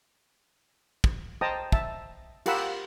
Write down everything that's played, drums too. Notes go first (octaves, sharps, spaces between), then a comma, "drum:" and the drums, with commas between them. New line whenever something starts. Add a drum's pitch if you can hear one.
drum: kick
C5 D#5 G5 A5 A#5 D#6
E5 A5, drum: kick
F4 G4 A#4 F#5 B5 E6, drum: cymbal